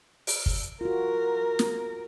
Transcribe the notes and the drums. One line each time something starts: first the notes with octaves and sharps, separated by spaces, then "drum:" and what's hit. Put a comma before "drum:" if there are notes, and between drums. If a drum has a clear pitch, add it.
drum: open hi-hat
drum: kick
F4 F#4 A#4
drum: snare